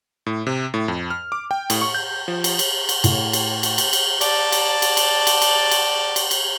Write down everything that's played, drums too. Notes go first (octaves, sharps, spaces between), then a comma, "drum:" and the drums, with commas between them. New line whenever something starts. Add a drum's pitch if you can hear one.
A2
C3
A2
F2
F6
D6
G5
A2, drum: cymbal
C#6
G6
F3
drum: cymbal
drum: cymbal
drum: cymbal
A2, drum: cymbal
drum: cymbal
drum: cymbal
drum: cymbal
drum: cymbal
D5 A5, drum: cymbal
drum: cymbal
drum: cymbal
drum: cymbal
drum: cymbal
drum: cymbal
drum: cymbal
drum: cymbal
drum: cymbal